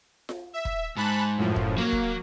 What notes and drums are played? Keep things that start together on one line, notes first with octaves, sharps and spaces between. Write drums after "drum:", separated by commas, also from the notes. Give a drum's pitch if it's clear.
drum: snare F4
E5
drum: kick
G#2 A5 B5 F#6
F#2 A2 F3
drum: kick
F#3 A#3
drum: kick